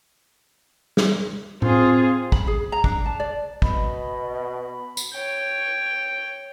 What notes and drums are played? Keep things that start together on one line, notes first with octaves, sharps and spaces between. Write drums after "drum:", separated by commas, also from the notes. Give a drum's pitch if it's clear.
drum: snare
C4 F4 G#4, drum: tom A2
B5, drum: kick
G#4
A#5
D4, drum: kick
A5
D5
B2 D#5 B5, drum: kick
drum: tambourine
C#5 G5